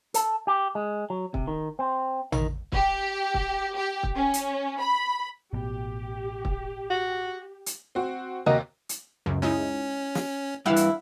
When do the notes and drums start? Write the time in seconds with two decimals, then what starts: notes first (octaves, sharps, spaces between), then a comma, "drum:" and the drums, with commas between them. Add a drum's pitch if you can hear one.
0.14 A4, drum: hi-hat
0.47 G4
0.75 G#3
1.10 F#3
1.34 C3, drum: kick
1.47 D#3
1.79 C4
2.32 D#3, drum: tom A1
2.72 G4, drum: kick
3.34 drum: kick
3.76 G4
4.03 drum: kick
4.15 C#4
4.34 drum: hi-hat
4.80 B5
5.53 A1 B2 G4
6.45 drum: kick
6.90 F#4
7.66 drum: hi-hat
7.95 C4 F#4
8.46 D#2 C3 A#3 F#4 D#5 A#5
8.89 drum: hi-hat
9.26 C#2 F#2
9.42 G#3 C#4 D#4 E4
10.15 drum: snare
10.66 G2 E3 E4 F5 F#5 E6
10.76 drum: hi-hat